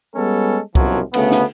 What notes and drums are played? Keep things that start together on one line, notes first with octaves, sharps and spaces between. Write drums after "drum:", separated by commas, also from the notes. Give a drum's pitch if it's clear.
G3 G#3 B3 C#4 A4
C2 F#2 B2 F3 F#3, drum: kick C2
D2 C#3 A3 B3, drum: cymbal
drum: snare